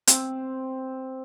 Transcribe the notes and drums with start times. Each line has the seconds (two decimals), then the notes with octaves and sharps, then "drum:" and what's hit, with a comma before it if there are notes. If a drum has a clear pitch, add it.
0.07 C4, drum: hi-hat